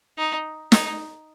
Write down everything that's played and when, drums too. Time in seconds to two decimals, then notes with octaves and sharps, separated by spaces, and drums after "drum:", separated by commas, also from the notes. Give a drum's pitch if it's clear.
0.18 D#4
0.72 D#4, drum: snare